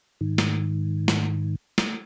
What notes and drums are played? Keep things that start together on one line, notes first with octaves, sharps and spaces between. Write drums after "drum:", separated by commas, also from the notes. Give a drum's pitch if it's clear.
G#2 D#3
drum: snare
drum: snare
drum: snare